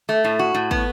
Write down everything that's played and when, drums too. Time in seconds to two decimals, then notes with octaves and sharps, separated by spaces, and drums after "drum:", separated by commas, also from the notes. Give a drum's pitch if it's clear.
0.09 A3
0.24 A2
0.39 F#4
0.55 A2
0.71 B3, drum: kick